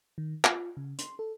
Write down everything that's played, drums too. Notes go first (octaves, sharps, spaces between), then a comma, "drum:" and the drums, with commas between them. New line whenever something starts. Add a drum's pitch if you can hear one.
D#3
F4, drum: clap
C#3
C6, drum: hi-hat
A4